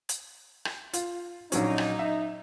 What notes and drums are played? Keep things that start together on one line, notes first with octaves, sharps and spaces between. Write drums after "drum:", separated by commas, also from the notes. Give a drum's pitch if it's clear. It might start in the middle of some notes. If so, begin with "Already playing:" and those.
drum: hi-hat
drum: rim click
F4, drum: hi-hat
A#1 F#3 C#4 D#4, drum: hi-hat
drum: rim click
E5